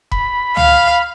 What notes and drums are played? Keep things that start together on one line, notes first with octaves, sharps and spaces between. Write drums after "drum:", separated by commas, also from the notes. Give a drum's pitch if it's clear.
B5, drum: kick E1
F5, drum: tom